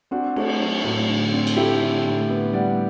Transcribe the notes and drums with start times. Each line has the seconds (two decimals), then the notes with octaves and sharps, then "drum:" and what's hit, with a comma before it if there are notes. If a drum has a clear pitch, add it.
0.11 C4 D4 F#4
0.36 A3, drum: cymbal
0.60 F#3
0.84 A2
1.08 D3
1.33 C4
1.47 drum: cymbal
1.56 A3 E4 G4
1.81 D3
2.05 A2
2.30 B3
2.53 G3 D5 F#5